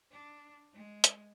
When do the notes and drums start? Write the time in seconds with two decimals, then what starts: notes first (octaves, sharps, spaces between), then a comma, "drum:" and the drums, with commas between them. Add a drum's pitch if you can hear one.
0.11 D4
0.73 G#3
1.04 drum: hi-hat